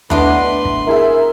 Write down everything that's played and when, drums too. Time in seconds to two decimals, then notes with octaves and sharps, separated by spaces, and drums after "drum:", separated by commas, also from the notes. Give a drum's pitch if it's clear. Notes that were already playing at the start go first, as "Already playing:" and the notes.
0.10 A3 B3 D4 E4 B4 D#5 C6, drum: tom D#2
0.65 drum: kick
0.87 E4 G#4 A#4 E5